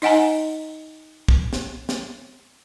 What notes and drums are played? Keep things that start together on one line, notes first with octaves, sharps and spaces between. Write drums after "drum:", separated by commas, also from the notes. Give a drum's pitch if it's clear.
D#4 D#5 F#5 G#5 A#5, drum: open hi-hat
drum: kick
drum: snare
drum: snare